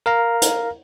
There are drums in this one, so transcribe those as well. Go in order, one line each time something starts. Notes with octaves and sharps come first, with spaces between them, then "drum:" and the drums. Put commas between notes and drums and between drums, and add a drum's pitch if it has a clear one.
A#4 F5 A#5
drum: hi-hat